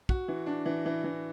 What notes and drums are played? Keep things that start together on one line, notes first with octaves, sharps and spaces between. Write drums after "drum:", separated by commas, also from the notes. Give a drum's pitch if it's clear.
F#4, drum: kick
E3
D4
E3
E3
E3